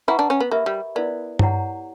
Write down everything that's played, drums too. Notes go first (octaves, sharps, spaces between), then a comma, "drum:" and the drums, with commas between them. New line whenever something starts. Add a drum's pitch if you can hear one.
E4 B4 F#5 A#5 C#6
D4
C#4
B3
A#3 G4 A#4 E5 B5
G3
B3 E4 A#4 D5
E4 G4 C#5 F#5 A#5, drum: tom G2